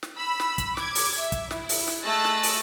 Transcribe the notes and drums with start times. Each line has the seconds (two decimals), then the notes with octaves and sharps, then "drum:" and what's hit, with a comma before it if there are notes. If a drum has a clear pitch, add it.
0.03 drum: snare
0.16 B5 E6
0.40 drum: snare
0.58 drum: kick, hi-hat
0.77 D6 G#6, drum: snare
0.95 drum: open hi-hat
1.18 E5
1.32 drum: kick, hi-hat
1.51 E4, drum: snare
1.69 drum: open hi-hat
1.88 drum: snare
2.01 A3 G#4 D#5 E6 F#6 A6
2.25 drum: snare
2.43 drum: open hi-hat